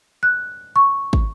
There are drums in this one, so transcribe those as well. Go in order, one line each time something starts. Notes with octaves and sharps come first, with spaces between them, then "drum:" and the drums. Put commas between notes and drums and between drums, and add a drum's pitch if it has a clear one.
F#6
C#6
drum: kick